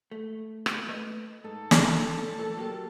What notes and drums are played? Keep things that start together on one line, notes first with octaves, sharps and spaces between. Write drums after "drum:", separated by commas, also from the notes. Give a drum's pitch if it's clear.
A3
drum: rim click
A3 B4 D#5
G#2 A4
drum: snare
A#2 E3 A3
F#3 A#3 G4